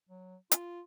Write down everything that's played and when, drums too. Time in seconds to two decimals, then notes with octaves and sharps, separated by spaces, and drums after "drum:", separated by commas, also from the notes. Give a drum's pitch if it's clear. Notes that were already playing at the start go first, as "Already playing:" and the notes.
0.10 F#3
0.51 F4, drum: hi-hat